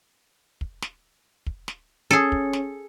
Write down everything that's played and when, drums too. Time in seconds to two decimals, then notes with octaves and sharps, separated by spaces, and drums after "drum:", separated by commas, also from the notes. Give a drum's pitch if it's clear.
0.61 drum: kick
0.82 drum: snare
1.46 drum: kick
1.68 drum: snare
2.11 C#4 G#4 A4
2.32 drum: kick
2.53 drum: snare